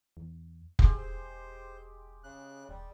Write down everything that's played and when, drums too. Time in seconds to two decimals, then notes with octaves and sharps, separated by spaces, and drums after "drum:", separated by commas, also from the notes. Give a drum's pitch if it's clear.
0.17 E2
0.79 E1 G#3 G4 E5, drum: kick F1
0.98 C5
2.24 C#3 F#6
2.69 D#1 G3